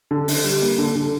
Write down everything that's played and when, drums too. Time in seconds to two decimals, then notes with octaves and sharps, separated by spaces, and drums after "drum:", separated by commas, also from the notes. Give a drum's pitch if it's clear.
0.11 D3
0.28 D3, drum: open hi-hat
0.44 G3
0.62 A#3
0.78 D3
0.96 D3